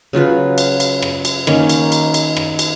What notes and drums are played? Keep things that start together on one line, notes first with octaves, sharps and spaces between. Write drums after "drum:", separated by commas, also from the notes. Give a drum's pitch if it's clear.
C#3 F#3 F4 B4
drum: cymbal
drum: cymbal
drum: rim click
drum: cymbal
D#3 A#3 C#4, drum: rim click
drum: cymbal
drum: cymbal
drum: cymbal
drum: rim click
drum: cymbal